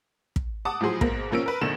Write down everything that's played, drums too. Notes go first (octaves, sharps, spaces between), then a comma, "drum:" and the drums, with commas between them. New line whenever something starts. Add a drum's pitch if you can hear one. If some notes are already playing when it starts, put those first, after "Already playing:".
drum: kick
F#5 A5 D6 D#6
A2 F3 F#3 G#4 C6
G#2 B2 A#3, drum: kick
B1 F3 A#3 C#4 E6 D7
A#4 B4
A#1 E2 D3 D#3 E7